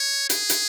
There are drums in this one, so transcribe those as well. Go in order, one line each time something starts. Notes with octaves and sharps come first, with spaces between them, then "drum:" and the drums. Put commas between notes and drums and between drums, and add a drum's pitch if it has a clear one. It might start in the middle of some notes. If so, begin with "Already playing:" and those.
Already playing: C#5
G#4, drum: hi-hat
drum: hi-hat